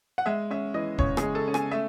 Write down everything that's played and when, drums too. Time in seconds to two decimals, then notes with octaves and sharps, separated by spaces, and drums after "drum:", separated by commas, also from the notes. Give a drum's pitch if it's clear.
0.18 F#5
0.26 G#3 E5
0.50 C#4 E5
0.74 E3 D#5
0.98 C#3 C#5, drum: kick
1.17 G#4, drum: rim click
1.23 G#3
1.35 A4
1.48 C#4
1.54 G#5, drum: rim click
1.71 A3 E5